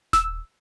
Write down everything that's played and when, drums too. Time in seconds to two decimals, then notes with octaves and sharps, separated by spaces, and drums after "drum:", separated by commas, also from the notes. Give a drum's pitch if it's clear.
0.13 E6, drum: snare D#1